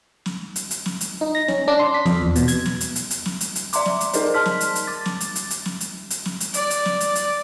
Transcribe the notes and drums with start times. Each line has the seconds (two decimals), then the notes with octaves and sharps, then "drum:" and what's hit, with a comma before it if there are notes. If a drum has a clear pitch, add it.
0.26 drum: snare
0.56 drum: hi-hat
0.71 drum: hi-hat
0.86 drum: snare
1.01 drum: hi-hat
1.21 D#4
1.35 A#6
1.48 C#4, drum: snare
1.68 D4
1.79 C6
1.94 B6
2.06 F2, drum: snare
2.22 E2
2.35 B2, drum: hi-hat
2.48 G#6, drum: hi-hat
2.66 drum: snare
2.81 drum: hi-hat
2.96 drum: hi-hat
3.11 drum: hi-hat
3.26 drum: snare
3.41 drum: hi-hat
3.56 drum: hi-hat
3.73 D5 E5 A#5 C6 D6, drum: hi-hat
3.86 drum: snare
4.01 drum: hi-hat
4.13 D#4 G#4 A#4 C5 D5 D#5, drum: hi-hat
4.34 A5 C6 F6 B6
4.46 drum: snare
4.61 drum: hi-hat
4.75 drum: hi-hat
4.87 D6 A6
5.05 drum: snare
5.20 drum: hi-hat
5.35 drum: hi-hat
5.50 drum: hi-hat
5.65 drum: snare
5.80 drum: hi-hat
6.10 drum: hi-hat
6.25 drum: snare
6.40 drum: hi-hat
6.54 D5, drum: hi-hat
6.70 drum: hi-hat
6.85 drum: snare
7.00 drum: hi-hat
7.15 drum: hi-hat